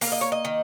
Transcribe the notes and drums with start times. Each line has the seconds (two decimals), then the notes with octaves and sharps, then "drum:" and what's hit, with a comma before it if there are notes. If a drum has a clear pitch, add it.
0.01 A#3 F5, drum: open hi-hat
0.12 D#5
0.21 C#5
0.32 D#5
0.45 D#3